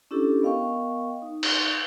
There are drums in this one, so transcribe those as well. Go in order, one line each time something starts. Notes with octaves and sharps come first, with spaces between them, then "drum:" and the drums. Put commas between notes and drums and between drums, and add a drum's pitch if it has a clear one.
C#4 D4 E4 G4 A4
B3 A#4 D#5 F5 G5 C#6
D#4
drum: cymbal